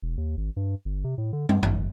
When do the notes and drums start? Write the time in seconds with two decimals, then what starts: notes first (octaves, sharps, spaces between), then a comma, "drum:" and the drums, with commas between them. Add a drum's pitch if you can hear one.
0.02 E1
0.17 D#2
0.37 G#1
0.56 G2
0.85 G1
1.04 C3
1.18 A2
1.33 D3
1.49 G2, drum: tom
1.63 G#1, drum: tom F#2
1.79 F#1